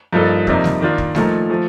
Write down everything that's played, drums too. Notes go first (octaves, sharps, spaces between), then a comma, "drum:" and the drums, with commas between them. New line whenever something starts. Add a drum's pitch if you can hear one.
G2 F3 A#3 D#4 A4
F2 C3 G3 A#3 D#4, drum: kick
drum: snare G3
D#3 A#3 D4 F4
drum: kick
A#2 F3 A3 D#4 A#4, drum: snare G3
F3 A3